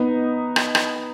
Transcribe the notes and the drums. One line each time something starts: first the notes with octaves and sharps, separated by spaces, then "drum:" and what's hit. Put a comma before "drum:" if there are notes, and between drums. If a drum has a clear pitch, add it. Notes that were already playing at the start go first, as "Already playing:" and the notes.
Already playing: B3 D#4
drum: rim click
drum: rim click